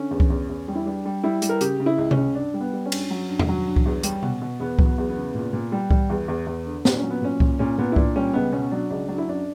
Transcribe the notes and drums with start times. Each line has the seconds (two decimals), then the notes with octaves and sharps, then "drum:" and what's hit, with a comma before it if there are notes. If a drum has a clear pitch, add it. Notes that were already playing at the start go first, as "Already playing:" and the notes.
Already playing: D3 C#4
0.11 E2
0.20 drum: kick C2
0.30 E2
0.49 E2
0.68 G3
0.75 E4
0.86 G3 D4
1.05 G3
1.24 G3 E4
1.42 G3, drum: hi-hat
1.49 A#4
1.61 C#3 G4, drum: hi-hat
1.80 C#3
1.86 E4
1.98 C#2
2.11 C#4, drum: tom C3
2.17 C#2
2.35 G2 D4
2.54 G3
2.61 B3
2.73 G3
2.86 C#4
2.92 G2, drum: cymbal
3.10 F#3
3.29 G2
3.39 drum: tom E2
3.49 F#3
3.67 G2
3.76 drum: kick C2
3.86 E2
4.03 G3, drum: hi-hat
4.23 B2, drum: tom C3
4.42 B2
4.60 E2 B3
4.79 F#3, drum: kick C2
4.86 B3
4.98 E2
5.10 B3
5.16 C#3
5.35 A#2
5.53 A#2
5.72 G3
5.90 G3, drum: kick C2
6.10 E2
6.28 E2
6.47 E2
6.65 D3
6.85 A#2 D4, drum: snare
6.97 C#4
7.03 F#3
7.10 B3
7.22 A#2 C#4
7.40 A#2, drum: kick C2
7.59 A#2 C#4
7.78 A#2 B3
7.92 E4
7.96 A#2 D4, drum: kick C2
8.16 G3 C#4
8.34 C#2 B3
8.53 B2 C#4
8.71 F#3 D4
8.90 C#2 D4
9.08 F#3 D4
9.18 E4
9.27 F#2 D4